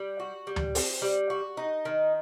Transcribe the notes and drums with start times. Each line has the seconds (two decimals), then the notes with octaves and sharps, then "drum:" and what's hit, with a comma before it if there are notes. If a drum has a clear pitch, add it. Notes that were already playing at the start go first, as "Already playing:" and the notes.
Already playing: G3
0.20 F#4
0.47 G3
0.56 drum: tom D2
0.75 C4, drum: open hi-hat
1.02 G3
1.30 F#4
1.57 D#4
1.85 D#3